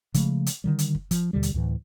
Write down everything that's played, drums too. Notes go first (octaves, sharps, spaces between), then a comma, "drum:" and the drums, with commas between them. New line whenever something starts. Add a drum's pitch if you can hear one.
C#3 F3 G#3 A3, drum: kick, hi-hat
drum: hi-hat
D3 D#3 G3
drum: hi-hat
drum: kick
F3, drum: kick, hi-hat
D#2 B2 D3 G3
drum: hi-hat
D2 A2 E3